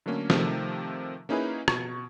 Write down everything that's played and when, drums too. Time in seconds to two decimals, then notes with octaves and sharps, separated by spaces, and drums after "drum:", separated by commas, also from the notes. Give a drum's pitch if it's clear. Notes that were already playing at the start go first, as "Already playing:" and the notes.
0.06 D3 F#3 A3 A#3 C#4
0.30 C3 D#3 F3 A3, drum: snare
1.29 A#3 C#4 D#4 E4 G#4 B4
1.68 B2 C#6 G#6, drum: rim click